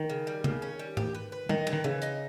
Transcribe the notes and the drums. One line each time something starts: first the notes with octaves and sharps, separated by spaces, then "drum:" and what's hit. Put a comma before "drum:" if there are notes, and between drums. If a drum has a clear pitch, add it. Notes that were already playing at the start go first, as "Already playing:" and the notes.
Already playing: D#3
C#3
G3
C#3, drum: tom C#3
C#4
G3
G4, drum: tom G#2
B4
B4
D#3 D#4, drum: tom
E3, drum: cymbal
D#3
C#3 E3
D#4, drum: hi-hat